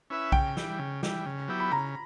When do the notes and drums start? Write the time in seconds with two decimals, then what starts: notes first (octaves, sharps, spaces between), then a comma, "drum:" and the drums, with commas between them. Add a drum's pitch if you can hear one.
0.10 C#4 E4 B4 E5
0.32 C#3 G5, drum: kick
0.57 E3 G3, drum: snare
0.79 C#3
1.03 E3 G3, drum: snare
1.26 C#3
1.48 F#3 B3 E4 G4
1.60 B5
1.72 C#3 A#5